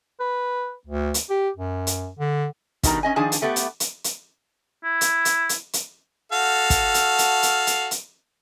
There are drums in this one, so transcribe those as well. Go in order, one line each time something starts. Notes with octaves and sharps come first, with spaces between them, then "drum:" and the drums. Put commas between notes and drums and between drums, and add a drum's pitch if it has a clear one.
B4
D2
drum: hi-hat
G4
F#2
drum: hi-hat
D3
B2 D#3 G3 A5 A#5, drum: kick, hi-hat
C#4 D#5 G#5
D#3 F3 D4 G#4 G#5 A5
drum: hi-hat
A3 B3 G4 F#5
drum: hi-hat
drum: hi-hat
drum: hi-hat
E4
drum: hi-hat
drum: hi-hat
drum: hi-hat
drum: hi-hat
F#4 A4 F5
drum: kick, hi-hat
drum: hi-hat
drum: hi-hat
drum: hi-hat
drum: hi-hat
drum: hi-hat